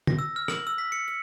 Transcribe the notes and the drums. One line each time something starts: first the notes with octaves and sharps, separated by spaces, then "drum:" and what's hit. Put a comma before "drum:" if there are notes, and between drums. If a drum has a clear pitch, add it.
A#6, drum: tom
E6
F6
F#7, drum: rim click
E6
B6
C#7
C#7